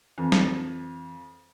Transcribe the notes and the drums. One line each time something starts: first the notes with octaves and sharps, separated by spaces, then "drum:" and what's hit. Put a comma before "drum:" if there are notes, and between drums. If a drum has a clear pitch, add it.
F2 E3
drum: snare